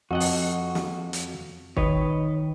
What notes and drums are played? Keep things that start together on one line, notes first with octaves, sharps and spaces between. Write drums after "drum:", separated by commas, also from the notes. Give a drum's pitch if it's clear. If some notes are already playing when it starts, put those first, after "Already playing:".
F2 F#4 D#5 F#5
drum: open hi-hat
drum: snare
drum: hi-hat
D#3 B4 C#5 D#5, drum: kick